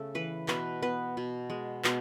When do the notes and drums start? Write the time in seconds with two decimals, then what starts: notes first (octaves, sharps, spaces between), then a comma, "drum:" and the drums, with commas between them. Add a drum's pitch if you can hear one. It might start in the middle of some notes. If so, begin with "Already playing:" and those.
Already playing: C#3 A3 A4
0.15 E3 B4
0.48 B2 B4, drum: clap
0.82 B3 B4
1.17 B2
1.50 G#3
1.84 B2, drum: clap